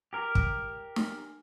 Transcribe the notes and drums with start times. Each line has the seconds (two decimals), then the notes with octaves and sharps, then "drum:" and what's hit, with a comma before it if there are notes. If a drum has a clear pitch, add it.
0.13 G4 A#4
0.35 drum: kick
0.96 drum: snare